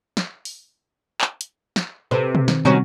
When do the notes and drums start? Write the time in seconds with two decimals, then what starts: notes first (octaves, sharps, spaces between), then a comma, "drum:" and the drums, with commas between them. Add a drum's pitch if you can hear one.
0.17 drum: snare
0.45 drum: open hi-hat
1.21 drum: clap
1.41 drum: hi-hat
1.76 drum: snare
2.11 C3 A4 B4 C5
2.35 drum: tom B2
2.48 D#3, drum: snare
2.65 C3 D#3 G3 C4 C#4 F#4